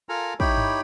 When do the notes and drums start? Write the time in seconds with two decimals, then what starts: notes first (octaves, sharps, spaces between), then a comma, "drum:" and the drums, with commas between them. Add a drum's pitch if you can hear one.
0.09 F4 A4 A#4 G#5 A#5
0.40 D#4 E4 G4 C#5 G5 B5, drum: kick
0.58 drum: tom G2